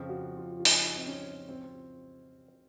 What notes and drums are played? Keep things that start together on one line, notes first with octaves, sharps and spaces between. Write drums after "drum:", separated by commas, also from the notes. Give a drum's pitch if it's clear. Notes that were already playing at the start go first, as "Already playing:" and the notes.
Already playing: F2 C#3 F3
F#4
F4
F4
D#4, drum: open hi-hat
C4
C#4
C4